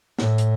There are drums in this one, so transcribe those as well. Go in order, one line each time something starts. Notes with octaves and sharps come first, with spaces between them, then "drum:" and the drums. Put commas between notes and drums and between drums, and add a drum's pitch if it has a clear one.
A2, drum: snare
drum: hi-hat